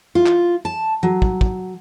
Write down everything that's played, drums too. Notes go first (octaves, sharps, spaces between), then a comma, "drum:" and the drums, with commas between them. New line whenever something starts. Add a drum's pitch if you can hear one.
F4
drum: clap
A5
F#3
drum: kick
drum: kick